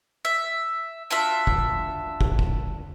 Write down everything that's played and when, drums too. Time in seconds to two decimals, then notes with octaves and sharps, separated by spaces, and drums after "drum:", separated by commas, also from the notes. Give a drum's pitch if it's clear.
0.25 E5
1.11 D4 F4 F#4 E5
1.47 drum: kick
2.21 drum: kick
2.39 drum: kick